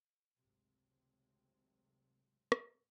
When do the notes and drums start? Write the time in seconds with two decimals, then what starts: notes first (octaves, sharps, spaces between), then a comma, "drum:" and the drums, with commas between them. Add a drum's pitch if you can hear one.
0.37 G#1 C#2 C3 F#3 A3 C4
2.52 drum: rim click